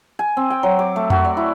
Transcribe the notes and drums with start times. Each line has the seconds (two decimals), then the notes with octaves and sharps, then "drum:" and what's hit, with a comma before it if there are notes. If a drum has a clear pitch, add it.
0.19 G#5
0.37 C4
0.50 G5
0.63 F#3
0.79 D6
0.96 A3
1.10 F#4, drum: tom F2
1.25 D5
1.37 E4